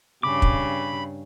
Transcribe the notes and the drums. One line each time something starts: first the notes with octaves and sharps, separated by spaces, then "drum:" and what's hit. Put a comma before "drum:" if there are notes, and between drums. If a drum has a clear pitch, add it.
G2 C#3 B5 D6
drum: kick